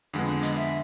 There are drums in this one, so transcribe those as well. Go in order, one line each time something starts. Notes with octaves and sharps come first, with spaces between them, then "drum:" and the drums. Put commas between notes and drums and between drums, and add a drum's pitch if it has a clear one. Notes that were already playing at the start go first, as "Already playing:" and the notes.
F2 D3 G#3 B3
D#5, drum: hi-hat
E5